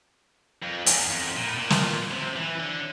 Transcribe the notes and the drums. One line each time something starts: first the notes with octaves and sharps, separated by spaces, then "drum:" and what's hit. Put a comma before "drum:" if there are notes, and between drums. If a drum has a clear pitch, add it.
F2
E2, drum: hi-hat
F2
A#2
A2
A#2
drum: snare
C3
E3
D3